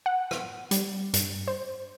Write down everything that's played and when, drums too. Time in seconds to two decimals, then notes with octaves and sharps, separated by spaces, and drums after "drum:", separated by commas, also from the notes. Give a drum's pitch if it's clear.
0.06 F#5
0.31 drum: rim click
0.71 G3, drum: hi-hat
1.14 G2, drum: hi-hat
1.48 C5